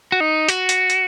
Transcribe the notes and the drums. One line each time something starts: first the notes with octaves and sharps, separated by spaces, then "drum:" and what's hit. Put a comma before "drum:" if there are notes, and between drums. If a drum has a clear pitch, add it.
F#4
D#4
F#4, drum: hi-hat
drum: hi-hat
drum: hi-hat